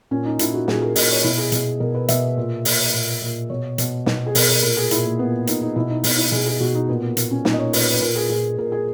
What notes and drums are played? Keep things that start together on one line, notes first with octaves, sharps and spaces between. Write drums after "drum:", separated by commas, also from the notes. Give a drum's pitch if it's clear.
A#2 C#4
D#4
A#2 E4, drum: hi-hat
F#4
A#2 G#4, drum: snare
A#4
A#2 D#5, drum: open hi-hat
C#5
B2 E4
G#4
B2 G#4, drum: hi-hat
B2 A#4
B4
B2 E5, drum: hi-hat
A#2
A#2, drum: open hi-hat
A#2
A#2
B2 C#5
B2, drum: hi-hat
B2, drum: snare
G#4
B2 A#4, drum: open hi-hat
A#4
A#2 A#4
G#4
A#2 E4, drum: hi-hat
A#3
A#2 B3
A#2 D#4, drum: hi-hat
D#4
B2 E4
D#4
B2 D#4, drum: open hi-hat
E4
B2 G#4
G#4
B2 F#4
D#4
A#2 B3
A#3
A#2, drum: hi-hat
C#4
A#2 D#4, drum: snare
D#5
C#5
A#2 B4, drum: open hi-hat
B4
A#2 A#4
G#4
A#2 G#4
A#2 A#4
G#4